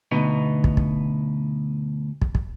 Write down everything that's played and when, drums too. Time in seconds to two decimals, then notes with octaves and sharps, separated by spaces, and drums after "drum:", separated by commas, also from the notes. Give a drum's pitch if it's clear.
0.11 D2 B2 B3 D#4
0.64 drum: kick
0.77 drum: kick
2.22 drum: kick
2.35 drum: kick